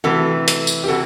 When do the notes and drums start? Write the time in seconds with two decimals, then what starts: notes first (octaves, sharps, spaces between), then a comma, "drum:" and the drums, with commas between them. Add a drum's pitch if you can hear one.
0.04 C3 E3 A3 F#4 A4
0.48 drum: hi-hat
0.67 drum: tambourine
0.84 G4
0.88 C3 E3 F#4 A4